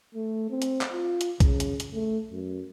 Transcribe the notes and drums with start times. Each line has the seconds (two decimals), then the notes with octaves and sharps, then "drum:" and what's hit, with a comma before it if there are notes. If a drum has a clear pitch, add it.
0.15 A3
0.50 C4
0.62 drum: hi-hat
0.81 drum: clap
0.92 F4
1.21 drum: hi-hat
1.40 C#3, drum: kick B1, hi-hat
1.60 drum: hi-hat
1.80 drum: hi-hat
1.93 A3
2.32 F#2